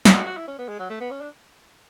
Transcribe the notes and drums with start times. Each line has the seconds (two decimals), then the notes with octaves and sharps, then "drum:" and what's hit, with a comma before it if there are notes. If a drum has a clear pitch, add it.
0.05 E4, drum: snare
0.16 F#4
0.26 F#4
0.37 E4
0.47 C#4
0.58 B3
0.68 G#3
0.79 F#3
0.90 A3
1.00 B3
1.11 C#4
1.21 D4